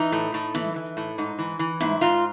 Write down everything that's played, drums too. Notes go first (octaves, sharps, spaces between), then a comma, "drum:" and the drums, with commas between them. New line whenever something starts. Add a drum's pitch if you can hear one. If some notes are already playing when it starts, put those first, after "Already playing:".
Already playing: E3 D#4
A2
A2
E3, drum: snare
E3
drum: hi-hat
A2
G#2 D#4, drum: hi-hat
E3
drum: hi-hat
E3
G#2 E4, drum: snare
G#2 F4
drum: hi-hat